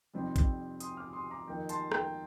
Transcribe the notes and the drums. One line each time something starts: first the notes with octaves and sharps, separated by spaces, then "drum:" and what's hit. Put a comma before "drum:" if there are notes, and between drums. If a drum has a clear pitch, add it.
F2 C3 G3 C4 D#4
drum: kick A1, hi-hat
C6 D#6, drum: hi-hat
D6 F6
C6 D#6
A#5 D6
F2 D#3 A#3 D#4 G5 A#5
A5 C6, drum: hi-hat
G5 A#5, drum: rim click